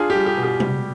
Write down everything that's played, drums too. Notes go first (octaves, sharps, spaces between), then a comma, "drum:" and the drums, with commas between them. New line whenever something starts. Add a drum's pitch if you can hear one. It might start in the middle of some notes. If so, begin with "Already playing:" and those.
Already playing: D4 F4 G#4
G4
G3
G4
B2
G4
G3, drum: tom C3